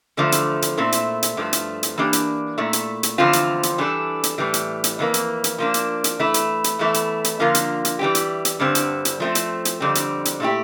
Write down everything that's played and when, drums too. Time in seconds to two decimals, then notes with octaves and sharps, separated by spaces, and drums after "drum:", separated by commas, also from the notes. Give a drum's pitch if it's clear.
0.17 E2 D3 F3 A3
0.32 drum: hi-hat
0.62 drum: hi-hat
0.77 A#2 A3 C4 E4
0.92 drum: hi-hat
1.23 drum: hi-hat
1.37 G2 F3 A3
1.53 drum: hi-hat
1.83 drum: hi-hat
1.98 E3 A#3 D4 G4
2.13 drum: hi-hat
2.58 A#2 A3 E4
2.73 drum: hi-hat
3.03 drum: hi-hat
3.18 E2 D3 F3 C4 F4
3.33 drum: hi-hat
3.63 drum: hi-hat
3.78 E3 G3 D4 A4
4.23 drum: hi-hat
4.38 A2 E3 G3
4.54 drum: hi-hat
4.84 drum: hi-hat
4.99 F2 E3 A#3
5.14 drum: hi-hat
5.44 drum: hi-hat
5.58 F3 A#3 D4
5.74 drum: hi-hat
6.04 drum: hi-hat
6.19 E3 A3 E4
6.34 drum: hi-hat
6.64 drum: hi-hat
6.79 E2 E3 A3 E4
6.94 drum: hi-hat
7.24 drum: hi-hat
7.40 D3 F3 A#3 F4
7.55 drum: hi-hat
7.85 drum: hi-hat
7.99 E3 G3 C4 G4
8.15 drum: hi-hat
8.45 drum: hi-hat
8.60 G2 D3 G3 C4
8.75 drum: hi-hat
9.05 drum: hi-hat
9.20 F3 A3 C4
9.35 drum: hi-hat
9.65 drum: hi-hat
9.80 F2 D3 G3 C4
9.95 drum: hi-hat
10.25 drum: hi-hat
10.40 A#2 A3 E4 G4